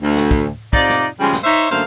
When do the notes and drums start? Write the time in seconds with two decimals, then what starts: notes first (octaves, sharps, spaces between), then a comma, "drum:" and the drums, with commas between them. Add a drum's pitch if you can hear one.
0.02 D2
0.16 drum: snare
0.31 drum: kick
0.73 C3 D#4 F4 D5, drum: kick
0.89 drum: snare
1.20 C#3 F3 G3 G#3 G#4
1.33 drum: snare
1.44 D#4 C5 C#5 E5
1.70 F#2 D3 A3 A#3 C5 F5